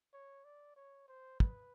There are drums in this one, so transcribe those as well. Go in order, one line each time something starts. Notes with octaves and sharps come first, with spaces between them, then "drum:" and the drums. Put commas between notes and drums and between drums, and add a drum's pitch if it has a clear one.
C#5
D5
C#5
C5
B4, drum: kick